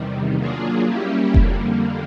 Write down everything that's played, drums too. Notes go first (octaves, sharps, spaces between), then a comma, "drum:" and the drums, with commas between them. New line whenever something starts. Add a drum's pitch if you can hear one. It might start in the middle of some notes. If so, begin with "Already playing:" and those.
Already playing: E2 C3 D#3 G3
F#3 A#3 D4 F4 G#4
G3 A#3 C#4 E4 G4
F2 D3 G3 A#3, drum: kick F1